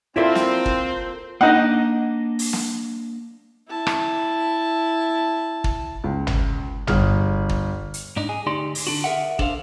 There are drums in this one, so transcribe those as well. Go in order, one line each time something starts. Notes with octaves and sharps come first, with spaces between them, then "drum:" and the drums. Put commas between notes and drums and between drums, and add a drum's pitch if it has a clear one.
C4 E4 F4 A4 A#4 C5 D5 E5
drum: snare
drum: kick
A#3 D4 D#4 D#5 F#5
drum: open hi-hat
drum: snare
E4 A5
drum: rim click
drum: kick
C#2
drum: tom
G1 G#4 F6, drum: tom
drum: kick
drum: hi-hat
G#2 D4 D#4
G#4
D2 D#4 G4 D5 C6
drum: open hi-hat
D3 D4 F#4
G#4 A#4 E5 F#5
D4 A4 C5 F5, drum: kick